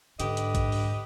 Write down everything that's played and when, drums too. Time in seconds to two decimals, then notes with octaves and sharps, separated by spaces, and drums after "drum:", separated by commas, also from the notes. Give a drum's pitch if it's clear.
0.20 G#2 D3 G4 B4 D#5, drum: hi-hat
0.37 drum: hi-hat
0.55 drum: kick, hi-hat
0.72 drum: open hi-hat